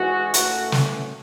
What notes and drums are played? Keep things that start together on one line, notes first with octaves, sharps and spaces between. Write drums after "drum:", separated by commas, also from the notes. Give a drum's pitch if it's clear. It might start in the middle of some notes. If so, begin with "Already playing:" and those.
Already playing: G#2 E3 G#3 C#4 F#4
A2 E3 A3 C#4 F#4, drum: hi-hat
drum: snare